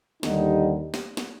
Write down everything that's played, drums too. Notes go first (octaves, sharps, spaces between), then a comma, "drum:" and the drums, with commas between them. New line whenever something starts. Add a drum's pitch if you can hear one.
D#2 D3 G3 D#4, drum: snare
drum: snare
drum: snare